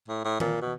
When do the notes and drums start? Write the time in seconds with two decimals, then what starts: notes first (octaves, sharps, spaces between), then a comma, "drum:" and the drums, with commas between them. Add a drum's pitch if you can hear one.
0.08 A2
0.24 A2
0.40 A#2, drum: tom D#3
0.61 B2